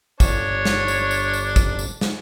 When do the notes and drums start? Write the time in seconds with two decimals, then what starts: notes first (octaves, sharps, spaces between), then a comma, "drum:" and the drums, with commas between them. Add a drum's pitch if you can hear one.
0.20 G1 D4 C#5, drum: kick, tambourine
0.65 drum: snare
0.88 drum: tambourine
1.11 drum: tambourine
1.33 drum: tambourine
1.56 drum: kick, tambourine
1.79 drum: tambourine
2.01 drum: snare